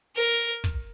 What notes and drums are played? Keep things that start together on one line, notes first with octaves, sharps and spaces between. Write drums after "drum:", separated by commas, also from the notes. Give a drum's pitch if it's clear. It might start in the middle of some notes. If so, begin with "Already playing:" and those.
A#4, drum: hi-hat
drum: kick, hi-hat